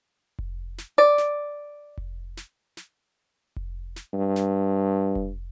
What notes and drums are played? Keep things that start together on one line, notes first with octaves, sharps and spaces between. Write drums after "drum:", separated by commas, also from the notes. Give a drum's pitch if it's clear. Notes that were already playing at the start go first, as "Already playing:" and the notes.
drum: kick F1
drum: snare
D5
drum: snare
drum: kick F1
drum: snare
drum: snare
drum: kick F1
drum: snare
G2
drum: snare
drum: kick F1